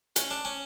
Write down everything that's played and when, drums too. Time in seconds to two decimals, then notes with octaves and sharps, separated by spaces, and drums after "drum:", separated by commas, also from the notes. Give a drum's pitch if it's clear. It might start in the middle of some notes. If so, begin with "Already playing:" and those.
0.16 C#4, drum: hi-hat
0.31 D4
0.45 C#4